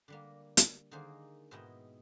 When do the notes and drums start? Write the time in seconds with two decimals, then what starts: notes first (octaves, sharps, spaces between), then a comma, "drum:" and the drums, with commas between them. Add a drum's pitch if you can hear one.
0.08 D3 G3 A#3
0.57 drum: hi-hat
0.91 D3 D#3 A#3 D#4 G#4 C5
1.51 G#2 B2 D#4 E4 D#5 G5